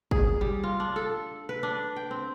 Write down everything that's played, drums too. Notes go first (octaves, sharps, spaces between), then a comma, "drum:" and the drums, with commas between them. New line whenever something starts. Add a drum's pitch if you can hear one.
G#4, drum: kick
G3
F4
D4
A4
B4
D4
G5
C4